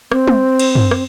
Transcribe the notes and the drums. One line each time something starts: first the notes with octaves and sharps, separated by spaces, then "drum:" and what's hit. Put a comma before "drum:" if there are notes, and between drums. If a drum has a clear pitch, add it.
C4, drum: rim click
drum: tom
drum: cymbal
drum: tom
drum: rim click